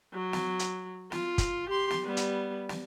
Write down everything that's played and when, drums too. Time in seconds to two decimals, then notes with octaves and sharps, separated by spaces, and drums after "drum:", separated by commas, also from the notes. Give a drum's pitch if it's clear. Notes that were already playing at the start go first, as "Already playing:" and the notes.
0.13 F#3
0.33 drum: snare
0.59 drum: hi-hat
1.12 F4, drum: snare
1.38 drum: kick, hi-hat
1.69 G4 C6
1.90 drum: snare
2.04 G3 B3
2.17 drum: hi-hat
2.69 drum: snare